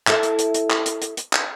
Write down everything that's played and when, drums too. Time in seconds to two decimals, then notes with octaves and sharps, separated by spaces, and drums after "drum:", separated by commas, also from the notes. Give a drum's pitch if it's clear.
0.07 E4 A4 E5, drum: clap
0.23 drum: hi-hat
0.39 drum: hi-hat
0.54 drum: hi-hat
0.70 drum: clap
0.86 drum: hi-hat
1.02 drum: hi-hat
1.17 drum: hi-hat
1.33 drum: clap